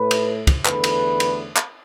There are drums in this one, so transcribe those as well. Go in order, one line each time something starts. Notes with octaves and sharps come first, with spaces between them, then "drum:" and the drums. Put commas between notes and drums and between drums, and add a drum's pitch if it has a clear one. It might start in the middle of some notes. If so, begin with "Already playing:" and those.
Already playing: A2 A3 B4
drum: cymbal
drum: kick, cymbal
E2 D3 A3 B4, drum: clap
drum: cymbal
drum: cymbal
drum: clap